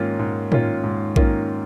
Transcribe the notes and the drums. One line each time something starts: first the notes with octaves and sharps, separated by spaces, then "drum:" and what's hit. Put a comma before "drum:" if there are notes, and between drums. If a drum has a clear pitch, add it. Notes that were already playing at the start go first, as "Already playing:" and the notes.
Already playing: G#2 D#3 A#3 C#4 F4
G#2
D#3 A#3 C#4 F4, drum: tom A2
G#2
D#3 A#3 C#4 F4, drum: kick A#1